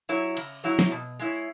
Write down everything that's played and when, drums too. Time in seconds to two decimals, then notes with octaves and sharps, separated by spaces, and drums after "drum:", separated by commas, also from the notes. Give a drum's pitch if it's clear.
0.09 F#3 E4 C#5
0.37 C#3, drum: cymbal
0.64 F#3 E4 C#5
0.79 drum: snare
0.91 B2
1.19 G#3 E4 C#5